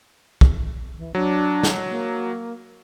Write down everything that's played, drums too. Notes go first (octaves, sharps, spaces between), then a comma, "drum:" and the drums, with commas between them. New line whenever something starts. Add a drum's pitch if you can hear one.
drum: kick
E3
F#3 D4
drum: snare
A#3